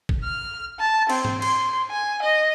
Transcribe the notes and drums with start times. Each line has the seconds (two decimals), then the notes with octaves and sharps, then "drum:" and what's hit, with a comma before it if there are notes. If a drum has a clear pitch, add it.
0.09 drum: kick
0.24 F6
0.80 A5
1.10 C4, drum: cymbal
1.25 drum: tom G#2
1.42 C6, drum: cymbal
1.91 G#5
2.22 D#5